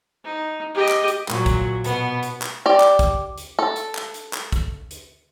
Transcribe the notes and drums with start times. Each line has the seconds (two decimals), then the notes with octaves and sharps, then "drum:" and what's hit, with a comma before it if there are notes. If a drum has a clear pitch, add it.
0.24 D#4
0.74 G4 D#5
0.89 drum: clap
1.08 drum: hi-hat
1.28 A#2 F#3, drum: clap
1.46 drum: kick, hi-hat
1.84 B2 B3, drum: hi-hat
2.23 drum: hi-hat
2.42 drum: clap
2.66 G4 D5
2.80 drum: clap
2.99 drum: kick, hi-hat
3.38 drum: hi-hat
3.59 A4
3.76 drum: hi-hat
3.95 drum: clap
4.14 drum: hi-hat
4.33 drum: clap
4.52 drum: kick, hi-hat
4.91 drum: hi-hat